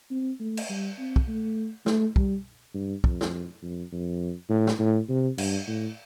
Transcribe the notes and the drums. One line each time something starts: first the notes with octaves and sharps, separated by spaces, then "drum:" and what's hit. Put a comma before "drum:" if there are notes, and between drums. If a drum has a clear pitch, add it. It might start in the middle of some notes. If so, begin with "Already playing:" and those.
C4
A3
drum: cymbal
G3
C4
drum: kick
A3
A3, drum: snare
G3, drum: kick
G2
F2, drum: kick
drum: snare
F2
F2
A2
drum: snare
A2
C3
G2, drum: cymbal
A2